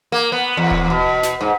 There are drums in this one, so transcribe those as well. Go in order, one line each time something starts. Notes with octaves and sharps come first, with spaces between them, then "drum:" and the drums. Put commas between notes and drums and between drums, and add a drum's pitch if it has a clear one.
A#3
B3
E2
drum: kick D#1
B2
drum: snare
G#2